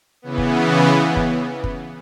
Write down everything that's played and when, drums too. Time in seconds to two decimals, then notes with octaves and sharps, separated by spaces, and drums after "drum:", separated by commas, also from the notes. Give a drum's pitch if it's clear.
0.22 C#3 E3 B3
0.38 drum: kick
1.16 drum: kick
1.64 drum: kick